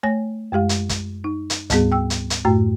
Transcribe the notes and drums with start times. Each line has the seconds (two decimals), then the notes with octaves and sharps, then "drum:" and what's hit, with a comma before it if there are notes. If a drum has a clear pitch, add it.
0.03 A3 C#5 G#5 A#6
0.52 F#2 G#3 G4 F5
0.69 drum: hi-hat
0.89 drum: kick, hi-hat
1.24 D#4
1.50 drum: hi-hat
1.70 D2 G#2 G3 B3 G#4, drum: kick, hi-hat
1.92 G5 E6
2.10 drum: hi-hat
2.30 drum: hi-hat
2.45 F#2 A2 A3 F#4